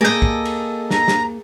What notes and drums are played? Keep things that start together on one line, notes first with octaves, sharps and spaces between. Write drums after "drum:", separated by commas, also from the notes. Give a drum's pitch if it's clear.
A#3 G#4 A4 D#5 G6
drum: kick
drum: cymbal
A#5, drum: snare
drum: snare